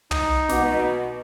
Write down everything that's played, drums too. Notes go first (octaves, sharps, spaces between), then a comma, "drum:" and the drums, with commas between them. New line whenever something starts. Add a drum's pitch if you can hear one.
D#4 D#6, drum: tom
B2 F#5 D6, drum: snare